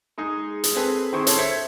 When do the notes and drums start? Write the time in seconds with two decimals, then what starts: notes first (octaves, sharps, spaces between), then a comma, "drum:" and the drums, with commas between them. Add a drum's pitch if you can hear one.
0.18 G#3 D#4 G#4
0.64 drum: hi-hat
0.75 C4 G#4 A4 B4
1.13 D#3 C4 E4 G#4 C5 C#6
1.27 C#4 A4 C#5 C6, drum: hi-hat
1.39 C5 E5 G#6 C#7